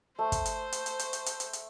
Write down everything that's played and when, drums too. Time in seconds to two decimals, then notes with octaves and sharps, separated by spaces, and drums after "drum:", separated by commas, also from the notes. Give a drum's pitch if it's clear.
0.19 A3 C5
0.32 drum: kick, hi-hat
0.46 drum: hi-hat
0.72 drum: hi-hat
0.86 drum: hi-hat
0.99 drum: hi-hat
1.13 drum: hi-hat
1.26 drum: hi-hat
1.40 drum: hi-hat
1.53 drum: hi-hat